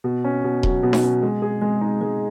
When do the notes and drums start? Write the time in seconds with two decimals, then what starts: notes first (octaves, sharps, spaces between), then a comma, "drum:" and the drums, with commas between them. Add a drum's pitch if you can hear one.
0.04 B2
0.24 C#4
0.44 B2
0.63 F#3, drum: kick D#1
0.83 B2
0.93 drum: snare D#4
1.03 C#4
1.23 G#3
1.42 G#4
1.61 G#3
1.81 D#4
2.01 G#3